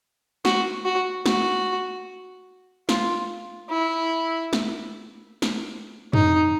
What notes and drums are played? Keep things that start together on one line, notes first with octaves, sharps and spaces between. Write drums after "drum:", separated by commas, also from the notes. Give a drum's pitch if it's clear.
F#4, drum: snare
F#4
F#4, drum: snare
F4, drum: snare
E4
drum: snare
drum: snare
D#4, drum: tom